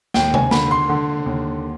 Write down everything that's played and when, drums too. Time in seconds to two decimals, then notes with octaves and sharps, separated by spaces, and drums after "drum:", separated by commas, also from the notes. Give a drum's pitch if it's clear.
0.14 D#2 G5, drum: snare
0.34 G#5, drum: tom C3
0.51 D3 B5, drum: snare
0.71 C6
0.89 D3
1.26 D#2